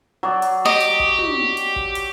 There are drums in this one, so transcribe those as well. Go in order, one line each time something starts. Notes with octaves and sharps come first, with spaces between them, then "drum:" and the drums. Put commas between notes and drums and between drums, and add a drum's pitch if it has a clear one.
F#3 D5
drum: hi-hat
G4 D#5
drum: hi-hat
drum: kick
drum: tom
drum: hi-hat
drum: kick
drum: hi-hat